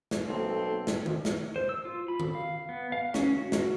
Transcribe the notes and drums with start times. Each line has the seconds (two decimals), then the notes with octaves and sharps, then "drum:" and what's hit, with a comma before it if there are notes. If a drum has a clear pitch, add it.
0.11 drum: snare
0.25 B1 A#3 C4 A4
0.87 drum: snare
1.06 drum: tom D#3
1.25 drum: snare
1.56 C5
1.69 E6
1.85 F4
2.08 B5
2.20 drum: tom D#3
2.35 F5
2.69 B3
2.92 F5
3.14 C#4, drum: snare
3.37 F#4
3.52 drum: snare